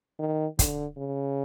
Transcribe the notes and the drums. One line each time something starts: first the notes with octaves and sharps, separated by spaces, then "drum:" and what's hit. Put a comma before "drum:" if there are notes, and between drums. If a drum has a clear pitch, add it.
D#3
D3, drum: kick, hi-hat
C#3